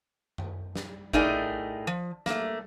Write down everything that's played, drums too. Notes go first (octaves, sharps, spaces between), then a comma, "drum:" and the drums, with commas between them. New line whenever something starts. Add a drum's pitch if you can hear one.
drum: tom F#2
drum: snare
A2 A3 D#4 G#4 A#4 D5, drum: kick G1
F3
A3 A#3, drum: snare